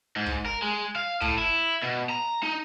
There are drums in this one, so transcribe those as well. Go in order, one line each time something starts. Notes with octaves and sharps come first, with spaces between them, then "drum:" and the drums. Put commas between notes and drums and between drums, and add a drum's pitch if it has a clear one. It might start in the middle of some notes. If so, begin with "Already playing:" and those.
G#2
drum: kick
A#4
G#3
F5
A2, drum: kick
E4
B2
A#5
D#4